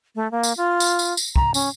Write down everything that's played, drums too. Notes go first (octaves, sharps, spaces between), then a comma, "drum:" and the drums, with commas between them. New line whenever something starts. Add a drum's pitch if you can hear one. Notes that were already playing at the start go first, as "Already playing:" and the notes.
A3
A#3
drum: tambourine
F4
drum: tambourine
drum: tambourine
drum: tambourine
A#5, drum: kick
C#4, drum: tambourine